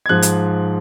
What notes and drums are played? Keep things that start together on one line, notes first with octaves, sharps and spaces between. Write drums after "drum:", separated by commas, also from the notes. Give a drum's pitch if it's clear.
G#6
G#2 F3 F#6
drum: hi-hat